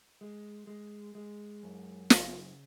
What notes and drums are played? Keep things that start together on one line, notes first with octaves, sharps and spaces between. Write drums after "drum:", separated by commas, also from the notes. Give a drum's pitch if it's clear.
G#3
G#3
G#3
F#2
C#3, drum: snare